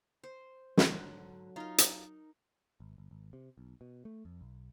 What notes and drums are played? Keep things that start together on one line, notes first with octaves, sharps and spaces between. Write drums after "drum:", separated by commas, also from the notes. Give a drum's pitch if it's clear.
C5
G#2 D3 F#3, drum: snare
D#4 F4 A#4
drum: hi-hat
G#1
G1
G#1
C3
B1
B2
A3
F2
B1